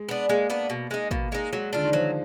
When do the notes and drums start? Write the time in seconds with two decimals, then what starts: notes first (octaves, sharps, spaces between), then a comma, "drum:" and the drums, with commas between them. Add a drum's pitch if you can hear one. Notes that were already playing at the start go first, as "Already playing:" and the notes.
Already playing: G#3
0.09 B3 D4
0.29 G#3 A#3
0.50 B3 D4
0.70 B2
0.91 G#3 D#4
1.11 B2 A#3, drum: kick
1.32 G#3 D#4
1.53 F#3 G#3
1.73 D3 D4 F4
1.85 D#3
1.93 F3 F#3